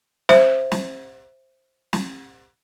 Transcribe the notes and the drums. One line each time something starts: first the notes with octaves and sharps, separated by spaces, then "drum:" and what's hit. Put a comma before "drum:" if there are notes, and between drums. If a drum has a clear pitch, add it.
C5 E5, drum: snare
drum: snare
drum: snare